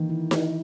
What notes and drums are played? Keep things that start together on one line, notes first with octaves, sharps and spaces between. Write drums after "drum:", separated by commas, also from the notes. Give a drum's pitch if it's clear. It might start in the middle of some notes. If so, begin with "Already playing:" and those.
Already playing: D#3 E3 A#3
E4
E4, drum: snare D#4